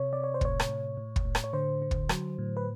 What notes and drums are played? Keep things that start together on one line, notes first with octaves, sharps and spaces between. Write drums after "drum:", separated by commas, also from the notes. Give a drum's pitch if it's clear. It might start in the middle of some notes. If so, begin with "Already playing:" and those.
Already playing: C3 C#5
C3 D5
C#5
C5
A2 C#5, drum: kick
drum: rim click
A2
A2
drum: kick
A2
drum: rim click
C#5
D3 C5
D3
drum: kick
F#3, drum: rim click
A2
B4